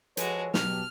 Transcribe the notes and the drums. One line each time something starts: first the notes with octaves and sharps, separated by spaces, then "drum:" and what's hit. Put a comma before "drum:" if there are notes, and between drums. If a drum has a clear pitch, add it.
F3 G#3 F#4 A4 B4 C#5, drum: hi-hat
B2 F#3 G4 A5 F6, drum: snare